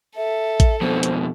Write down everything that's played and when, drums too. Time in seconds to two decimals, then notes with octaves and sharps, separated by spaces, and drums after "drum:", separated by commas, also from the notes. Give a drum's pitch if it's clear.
0.16 A4 E5
0.60 drum: kick A1, hi-hat
0.81 F2 B2 C5
1.03 drum: hi-hat